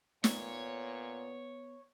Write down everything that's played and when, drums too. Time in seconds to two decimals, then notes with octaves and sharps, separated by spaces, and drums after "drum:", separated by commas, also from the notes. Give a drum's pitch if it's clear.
0.24 A#2 B3 C#5, drum: snare